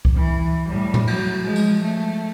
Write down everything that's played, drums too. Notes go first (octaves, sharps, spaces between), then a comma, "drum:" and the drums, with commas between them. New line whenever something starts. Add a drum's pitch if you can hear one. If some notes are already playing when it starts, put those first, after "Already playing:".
drum: kick C2
E3
A2 G3
drum: tom
F#3, drum: cymbal
F3 G#3
drum: tambourine
A3